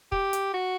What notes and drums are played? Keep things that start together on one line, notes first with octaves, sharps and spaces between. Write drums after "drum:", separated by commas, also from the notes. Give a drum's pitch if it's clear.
G4, drum: kick
drum: hi-hat
F#4